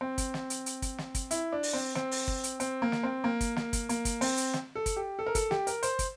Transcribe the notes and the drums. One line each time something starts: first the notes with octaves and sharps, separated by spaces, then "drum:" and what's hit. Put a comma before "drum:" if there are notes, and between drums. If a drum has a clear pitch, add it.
C4
drum: kick, hi-hat
drum: snare
drum: hi-hat
drum: hi-hat
drum: kick, hi-hat
drum: snare
drum: kick, hi-hat
E4, drum: hi-hat
D4
drum: open hi-hat
C4
C4, drum: snare
drum: open hi-hat
drum: kick
drum: hi-hat
C4, drum: hi-hat
A#3
drum: snare
C4
A#3
drum: kick, hi-hat
A#3, drum: snare
drum: kick, hi-hat
A#3, drum: hi-hat
drum: kick, hi-hat
C4, drum: open hi-hat
drum: hi-hat
drum: snare
A4
drum: kick, hi-hat
G4
A4
A#4
A4, drum: kick, hi-hat
G4, drum: snare
A#4, drum: hi-hat
C5, drum: hi-hat
drum: kick, hi-hat